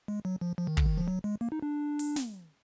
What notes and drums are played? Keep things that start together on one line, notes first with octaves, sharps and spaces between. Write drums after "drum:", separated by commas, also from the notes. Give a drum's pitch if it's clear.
G#3
F#3
F3
F3
D#3
D3, drum: kick
D#3
F3
F#3
G#3
A#3
D#4
D4
drum: open hi-hat
drum: snare